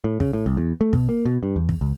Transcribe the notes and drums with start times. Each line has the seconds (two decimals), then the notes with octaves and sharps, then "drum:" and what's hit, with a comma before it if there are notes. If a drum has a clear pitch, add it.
0.04 A2
0.20 C#3, drum: kick
0.33 A2
0.46 C2
0.57 E2
0.81 A3
0.93 B2, drum: kick
1.09 A#3
1.25 B2
1.43 G2
1.56 E2
1.69 drum: kick
1.81 C#2